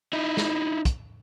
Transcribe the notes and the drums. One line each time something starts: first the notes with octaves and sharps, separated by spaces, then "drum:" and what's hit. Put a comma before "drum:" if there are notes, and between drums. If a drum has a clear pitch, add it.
D#4 E4
drum: snare
drum: kick, hi-hat